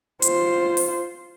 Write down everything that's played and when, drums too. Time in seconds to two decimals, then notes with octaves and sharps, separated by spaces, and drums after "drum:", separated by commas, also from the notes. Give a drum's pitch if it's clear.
0.22 F4 C5, drum: hi-hat
0.77 drum: open hi-hat